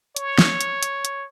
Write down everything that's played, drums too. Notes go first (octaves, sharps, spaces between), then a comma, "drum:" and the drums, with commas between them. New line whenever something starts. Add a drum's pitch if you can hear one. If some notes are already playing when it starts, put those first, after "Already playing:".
C#5, drum: hi-hat
drum: snare
drum: hi-hat
drum: hi-hat
drum: hi-hat